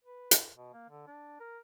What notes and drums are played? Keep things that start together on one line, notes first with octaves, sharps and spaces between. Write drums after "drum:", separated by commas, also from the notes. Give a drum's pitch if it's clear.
B4
drum: hi-hat
B2
A#3
D3
D4
A#4